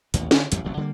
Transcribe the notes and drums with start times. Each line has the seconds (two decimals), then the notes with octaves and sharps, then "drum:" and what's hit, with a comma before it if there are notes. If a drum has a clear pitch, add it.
0.14 A1 D#2 B2, drum: hi-hat
0.31 D3, drum: snare
0.52 A1 F2 A2 G3, drum: hi-hat
0.64 D#1 A1 C3 F#3
0.77 D3 G3 G#3 A#3